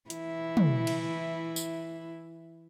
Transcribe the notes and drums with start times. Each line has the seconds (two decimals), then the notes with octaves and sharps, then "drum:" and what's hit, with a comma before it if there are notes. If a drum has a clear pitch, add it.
0.10 E3 E4, drum: hi-hat
0.57 drum: tom
0.87 drum: cymbal
1.56 drum: tambourine